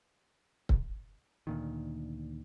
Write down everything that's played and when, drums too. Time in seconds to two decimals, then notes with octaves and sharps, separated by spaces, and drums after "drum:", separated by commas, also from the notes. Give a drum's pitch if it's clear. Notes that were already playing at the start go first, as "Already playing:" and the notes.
0.69 drum: kick C#1
1.47 D2 A#2 D#3